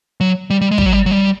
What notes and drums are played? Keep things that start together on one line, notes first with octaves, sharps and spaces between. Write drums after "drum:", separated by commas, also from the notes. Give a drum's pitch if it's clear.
F#3
G3
G3
G#3
G3, drum: kick
F#3
G3
F#3
G3